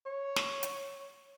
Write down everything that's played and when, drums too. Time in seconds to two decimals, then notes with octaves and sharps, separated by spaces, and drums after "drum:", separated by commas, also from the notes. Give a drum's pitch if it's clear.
0.06 C#5
0.36 drum: snare
0.63 drum: hi-hat